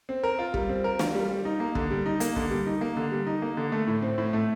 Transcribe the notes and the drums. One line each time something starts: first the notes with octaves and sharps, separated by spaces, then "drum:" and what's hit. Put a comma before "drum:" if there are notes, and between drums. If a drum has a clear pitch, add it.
C4
A#4
F4
G3, drum: kick
C4
A#4
F4, drum: snare
G3
G3
D#4
A#3
D3, drum: kick
G3
D#4
A#3, drum: hi-hat
D3, drum: kick
G3
D#4
A#3
D3
G3
D#4
A#3
D3
A3
A2
C4
A2
A3